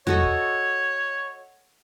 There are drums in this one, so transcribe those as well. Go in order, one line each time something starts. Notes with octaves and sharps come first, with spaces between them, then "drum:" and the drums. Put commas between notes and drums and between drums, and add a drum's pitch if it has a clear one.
F#4 A4 C#5 D#5, drum: tom E2
drum: kick